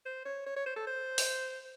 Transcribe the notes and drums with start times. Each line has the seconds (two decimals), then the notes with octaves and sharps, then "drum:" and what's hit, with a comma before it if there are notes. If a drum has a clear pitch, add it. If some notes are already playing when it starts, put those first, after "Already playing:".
0.06 C5
0.25 C#5
0.46 C#5
0.56 C#5
0.66 C5
0.76 A4
0.87 C5
1.18 drum: open hi-hat